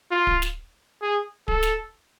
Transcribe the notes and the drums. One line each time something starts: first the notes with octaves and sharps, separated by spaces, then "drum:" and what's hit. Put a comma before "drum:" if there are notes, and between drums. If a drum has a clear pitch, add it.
F4
drum: kick D1
drum: snare
G#4
A4, drum: kick D1
drum: snare